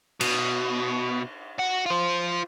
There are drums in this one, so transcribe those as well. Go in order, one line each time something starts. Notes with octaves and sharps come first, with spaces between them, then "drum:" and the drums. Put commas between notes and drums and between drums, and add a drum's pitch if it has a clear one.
B2, drum: cymbal
F#4
F4 C5